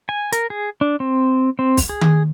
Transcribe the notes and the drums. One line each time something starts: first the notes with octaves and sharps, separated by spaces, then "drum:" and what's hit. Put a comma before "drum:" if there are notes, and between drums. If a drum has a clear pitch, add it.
G#5
A#4, drum: hi-hat
G#4
D4
C4
C4
drum: kick, open hi-hat
G#4
drum: tom D#3